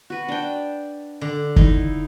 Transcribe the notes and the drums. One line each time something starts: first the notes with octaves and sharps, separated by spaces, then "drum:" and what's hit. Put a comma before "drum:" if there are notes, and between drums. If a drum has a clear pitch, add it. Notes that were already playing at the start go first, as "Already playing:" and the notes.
F#4 B4
D4 G5
D3
D#4 E4, drum: kick